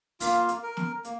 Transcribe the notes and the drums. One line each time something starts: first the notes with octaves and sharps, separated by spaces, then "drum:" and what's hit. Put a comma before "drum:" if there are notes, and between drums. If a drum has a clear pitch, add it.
A#3 F4 F5, drum: open hi-hat
drum: hi-hat
A#4
drum: snare
A#3, drum: hi-hat